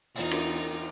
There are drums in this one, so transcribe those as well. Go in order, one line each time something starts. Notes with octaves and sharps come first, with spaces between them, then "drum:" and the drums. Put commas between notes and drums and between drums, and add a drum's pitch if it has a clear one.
E2 D#4 F4, drum: open hi-hat
drum: cymbal